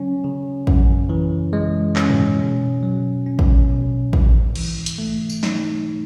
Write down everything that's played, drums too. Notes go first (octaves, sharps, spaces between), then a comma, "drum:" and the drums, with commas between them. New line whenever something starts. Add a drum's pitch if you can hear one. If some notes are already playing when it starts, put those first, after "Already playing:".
Already playing: C#3 F#3 C#4
C#3
F#2, drum: kick
E3
G#3
C#4, drum: clap
drum: tom G#2
B2
F#3
C#4
drum: kick
B2
G#2, drum: kick
E3, drum: cymbal
drum: hi-hat
A3
drum: tambourine
D#4, drum: snare